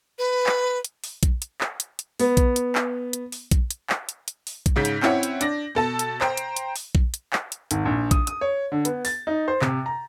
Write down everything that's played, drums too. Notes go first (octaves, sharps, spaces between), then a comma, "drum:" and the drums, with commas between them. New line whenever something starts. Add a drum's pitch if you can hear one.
B4
drum: clap
drum: hi-hat
drum: open hi-hat
drum: kick A#1, hi-hat
drum: hi-hat
drum: clap
drum: hi-hat
drum: hi-hat
B3, drum: open hi-hat
drum: kick A#1, hi-hat
drum: hi-hat
drum: clap
drum: hi-hat
drum: open hi-hat
drum: kick A#1, hi-hat
drum: hi-hat
drum: clap
drum: hi-hat
drum: hi-hat
drum: open hi-hat
drum: kick A#1, hi-hat
G#2 C#3 G6 B6
drum: hi-hat
C4 C#4 E4 C#5 F#5, drum: clap
drum: hi-hat
D4 A#6, drum: hi-hat
B2 A4 A5
drum: hi-hat
C5 G5 A#5, drum: clap
drum: hi-hat
drum: hi-hat
drum: open hi-hat
drum: kick A#1
drum: hi-hat
drum: clap
drum: hi-hat
G#1, drum: hi-hat
A#1
D#6, drum: kick A#1, hi-hat
D#6, drum: hi-hat
C#5
D3
B3, drum: hi-hat
A6, drum: open hi-hat
D#4
C5
C3, drum: clap
A#5